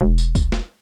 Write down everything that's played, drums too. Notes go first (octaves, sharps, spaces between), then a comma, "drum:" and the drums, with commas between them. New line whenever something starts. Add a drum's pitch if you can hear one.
E1
drum: tambourine
drum: kick C2, tambourine
drum: snare